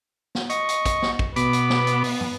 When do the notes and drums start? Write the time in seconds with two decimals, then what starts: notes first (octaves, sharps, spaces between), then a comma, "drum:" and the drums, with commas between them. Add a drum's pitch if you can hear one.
0.35 drum: snare
0.50 D#5 C#6, drum: hi-hat
0.69 drum: hi-hat
0.86 drum: kick, hi-hat
1.02 drum: snare
1.19 drum: kick
1.36 B2 B3 B5 D6, drum: hi-hat
1.53 drum: hi-hat
1.70 drum: snare
1.87 drum: hi-hat
2.04 drum: open hi-hat
2.21 drum: tom